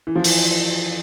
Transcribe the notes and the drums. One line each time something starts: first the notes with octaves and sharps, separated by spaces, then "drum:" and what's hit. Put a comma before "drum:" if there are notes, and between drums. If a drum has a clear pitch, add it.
E3
F3
E3, drum: open hi-hat